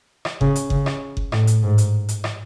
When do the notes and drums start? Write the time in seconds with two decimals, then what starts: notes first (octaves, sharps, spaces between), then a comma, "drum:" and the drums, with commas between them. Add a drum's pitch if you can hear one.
0.25 drum: rim click
0.41 C#3, drum: kick F#1
0.55 drum: hi-hat
0.70 C#3, drum: kick F#1
0.86 drum: rim click
1.17 drum: kick F#1
1.32 A2, drum: rim click
1.47 drum: hi-hat
1.63 G#2
1.78 drum: hi-hat
2.09 drum: hi-hat
2.24 drum: rim click